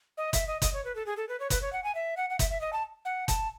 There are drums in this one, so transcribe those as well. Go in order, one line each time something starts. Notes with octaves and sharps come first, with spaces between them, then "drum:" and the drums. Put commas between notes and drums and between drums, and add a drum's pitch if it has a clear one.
D#5
E5, drum: kick F#1, hi-hat
D#5
D#5, drum: kick F#1, hi-hat
C#5
B4
A4
G#4
A4
B4
C#5
B4, drum: kick F#1, hi-hat
C#5
F#5
G#5
E5
F#5
F#5
E5, drum: kick F#1, hi-hat
E5
D#5
A5
F#5
A5, drum: kick F#1, hi-hat